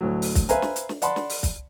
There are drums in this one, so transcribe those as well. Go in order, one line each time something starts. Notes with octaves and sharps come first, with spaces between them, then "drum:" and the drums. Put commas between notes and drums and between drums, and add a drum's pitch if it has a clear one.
D2 A2 F#3
drum: open hi-hat
drum: kick, hi-hat
B4 C5 E5 F5 G#5 A#5, drum: hi-hat
drum: snare
drum: hi-hat
drum: snare
D5 F#5 A5 B5 C6, drum: hi-hat
drum: snare
drum: open hi-hat
drum: kick, hi-hat